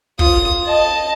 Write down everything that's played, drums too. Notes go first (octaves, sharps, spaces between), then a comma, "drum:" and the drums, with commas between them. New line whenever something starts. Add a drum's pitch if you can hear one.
F4 D#6, drum: kick
D#5 A5